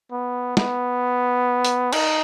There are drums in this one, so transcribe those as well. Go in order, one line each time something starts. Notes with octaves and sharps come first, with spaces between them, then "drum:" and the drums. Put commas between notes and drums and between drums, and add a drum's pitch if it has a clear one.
B3
B3, drum: snare
drum: hi-hat
D#4, drum: cymbal